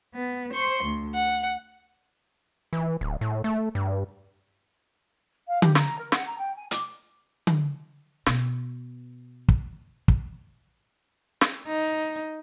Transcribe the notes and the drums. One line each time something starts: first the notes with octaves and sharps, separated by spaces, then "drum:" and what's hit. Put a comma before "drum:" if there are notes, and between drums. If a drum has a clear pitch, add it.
B3
C5 C6 C#6
D2
F#5
E3
D1
A2
A3
G2
F5
G4, drum: tom D3
A#5, drum: snare
A#4
F#5, drum: snare
A#5
G5
G#5
D6, drum: hi-hat
drum: tom D3
B2 B3, drum: snare
drum: kick
drum: kick
drum: snare
D#4